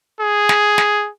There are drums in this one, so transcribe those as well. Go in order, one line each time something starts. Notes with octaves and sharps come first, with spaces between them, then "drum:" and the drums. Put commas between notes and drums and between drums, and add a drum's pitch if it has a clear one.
G#4
drum: snare
drum: snare